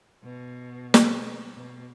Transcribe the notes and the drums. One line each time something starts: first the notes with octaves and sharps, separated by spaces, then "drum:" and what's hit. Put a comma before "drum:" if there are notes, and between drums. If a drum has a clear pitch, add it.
B2
drum: snare
B2